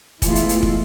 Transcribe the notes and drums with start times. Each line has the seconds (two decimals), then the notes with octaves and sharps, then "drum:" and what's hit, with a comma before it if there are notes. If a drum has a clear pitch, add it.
0.22 E3 G#3 A3 B3 E4 F4, drum: kick, hi-hat
0.35 drum: hi-hat
0.49 drum: hi-hat
0.63 drum: kick